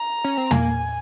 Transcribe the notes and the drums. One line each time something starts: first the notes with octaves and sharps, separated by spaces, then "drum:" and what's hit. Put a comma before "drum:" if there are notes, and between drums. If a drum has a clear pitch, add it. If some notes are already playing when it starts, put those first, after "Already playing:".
Already playing: A#5
C#4
C4
A#3 G#5, drum: tom